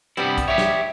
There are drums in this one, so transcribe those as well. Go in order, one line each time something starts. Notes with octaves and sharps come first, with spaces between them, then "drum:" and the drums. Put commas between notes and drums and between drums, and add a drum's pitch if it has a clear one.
G2 C3 G3 B3 E4
drum: kick, hi-hat
G4 C#5 E5
drum: snare